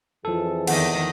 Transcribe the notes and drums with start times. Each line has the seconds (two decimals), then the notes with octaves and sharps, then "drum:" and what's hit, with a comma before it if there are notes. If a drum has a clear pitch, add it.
0.25 F2 E3 F3 G#4 A4
0.67 E2 D#3 D#5 F#5, drum: cymbal